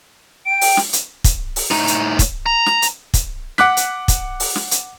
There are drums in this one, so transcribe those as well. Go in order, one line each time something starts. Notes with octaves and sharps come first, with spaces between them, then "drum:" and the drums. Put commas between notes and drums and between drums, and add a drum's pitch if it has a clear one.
G5 D7
drum: open hi-hat
drum: snare
drum: hi-hat
drum: kick, hi-hat
drum: open hi-hat
A2 D#4, drum: snare
drum: hi-hat
drum: kick, hi-hat
A#5
drum: snare
drum: hi-hat
drum: kick, hi-hat
F#5 D6 F#6 B6, drum: snare
drum: hi-hat
drum: kick, hi-hat
drum: open hi-hat
drum: snare
drum: hi-hat